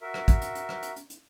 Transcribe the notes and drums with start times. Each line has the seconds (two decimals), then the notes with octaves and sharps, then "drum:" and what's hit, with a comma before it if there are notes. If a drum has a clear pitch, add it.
0.01 F#4 A#4 E5
0.14 drum: rim click
0.28 drum: kick, hi-hat
0.42 drum: hi-hat
0.55 drum: hi-hat
0.69 drum: rim click
0.83 drum: hi-hat
0.96 drum: hi-hat
1.10 drum: hi-hat